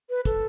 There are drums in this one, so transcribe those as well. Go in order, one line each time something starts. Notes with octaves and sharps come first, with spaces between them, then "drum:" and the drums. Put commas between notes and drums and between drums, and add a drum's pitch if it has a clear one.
B4
A4, drum: kick, hi-hat